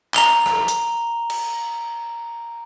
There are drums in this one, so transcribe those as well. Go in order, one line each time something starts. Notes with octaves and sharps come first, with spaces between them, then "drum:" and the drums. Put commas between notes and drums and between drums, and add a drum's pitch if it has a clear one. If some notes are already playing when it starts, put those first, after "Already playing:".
A#5 F7 G7, drum: clap
drum: rim click
drum: hi-hat
drum: cymbal